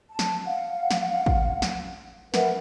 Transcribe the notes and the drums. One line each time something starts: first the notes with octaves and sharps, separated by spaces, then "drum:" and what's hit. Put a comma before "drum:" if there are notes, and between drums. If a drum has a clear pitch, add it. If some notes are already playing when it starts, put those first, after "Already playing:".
A5
drum: snare
F5 F#5
drum: snare
drum: kick
drum: snare
A#4 B4 E5 F#5, drum: snare